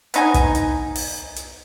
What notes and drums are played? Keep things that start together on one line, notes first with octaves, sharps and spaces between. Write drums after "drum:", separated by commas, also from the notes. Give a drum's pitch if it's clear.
B3 D#4 G#5, drum: hi-hat
drum: kick, hi-hat
drum: hi-hat
drum: open hi-hat
drum: hi-hat